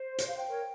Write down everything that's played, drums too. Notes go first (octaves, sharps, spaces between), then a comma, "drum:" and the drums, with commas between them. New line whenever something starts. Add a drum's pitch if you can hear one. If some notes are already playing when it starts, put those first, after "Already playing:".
Already playing: C5
C#5, drum: hi-hat
F5
G5
A#4 C#5